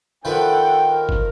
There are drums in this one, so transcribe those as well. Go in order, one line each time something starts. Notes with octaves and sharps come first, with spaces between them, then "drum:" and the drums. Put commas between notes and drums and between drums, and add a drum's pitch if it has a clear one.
D#3 F3 A4 B4 F#5 G5
A#4
drum: kick